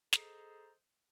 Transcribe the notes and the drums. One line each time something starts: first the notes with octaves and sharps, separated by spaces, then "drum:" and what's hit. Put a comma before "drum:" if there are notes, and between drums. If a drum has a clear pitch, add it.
G#4 A4 C5 D#5 A#5, drum: snare